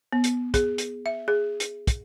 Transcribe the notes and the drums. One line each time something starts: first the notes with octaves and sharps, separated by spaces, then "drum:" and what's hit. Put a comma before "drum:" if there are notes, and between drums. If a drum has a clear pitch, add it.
B3
drum: hi-hat
G#4, drum: kick, hi-hat
drum: hi-hat
E5
G#4
drum: hi-hat
drum: kick, hi-hat